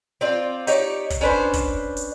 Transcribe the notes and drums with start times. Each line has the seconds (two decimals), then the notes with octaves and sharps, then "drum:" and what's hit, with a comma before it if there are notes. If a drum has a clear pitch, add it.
0.21 C4 F4 D5
0.67 D#4 G4 C#5 D5, drum: hi-hat
1.10 drum: kick, hi-hat
1.21 C#4 D4 B4 C5
1.53 drum: kick, hi-hat
1.97 drum: hi-hat